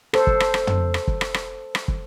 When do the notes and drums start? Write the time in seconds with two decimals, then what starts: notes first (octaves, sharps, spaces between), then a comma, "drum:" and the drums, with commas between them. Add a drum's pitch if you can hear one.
0.13 A4 C5, drum: rim click
0.27 drum: kick
0.40 drum: rim click
0.54 drum: rim click
0.67 drum: tom
0.94 drum: rim click
1.08 drum: kick
1.21 drum: rim click
1.34 drum: rim click
1.75 drum: rim click
1.88 drum: kick